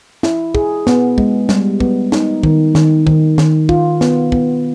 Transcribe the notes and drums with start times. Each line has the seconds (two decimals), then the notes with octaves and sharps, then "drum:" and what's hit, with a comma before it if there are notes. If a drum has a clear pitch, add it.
0.23 E4, drum: snare
0.55 G#4, drum: kick
0.87 B3, drum: snare
1.18 G#3, drum: kick
1.49 G3, drum: snare
1.80 B3, drum: kick
2.12 D#4, drum: snare
2.43 D#3, drum: kick
2.75 D#3, drum: snare
3.07 D#3, drum: kick
3.38 D#3, drum: snare
3.69 F4, drum: kick
4.01 B3, drum: snare
4.32 B3, drum: kick